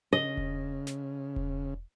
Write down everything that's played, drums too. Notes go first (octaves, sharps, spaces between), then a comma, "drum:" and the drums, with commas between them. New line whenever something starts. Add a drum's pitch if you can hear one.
C#3 D#5
drum: kick E1
drum: snare
drum: kick E1